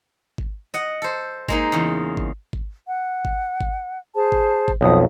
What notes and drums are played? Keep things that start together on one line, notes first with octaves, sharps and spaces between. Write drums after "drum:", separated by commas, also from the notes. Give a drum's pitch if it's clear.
drum: kick G#1
D#5 F#5
A4 C5
G#3 A#3 D#4, drum: kick G#1
E2 C#3
drum: kick G#1
drum: kick G#1
F#5
drum: kick G#1
drum: kick G#1
G#4 C5 A5
drum: kick G#1
drum: kick G#1
B1 F2 D#6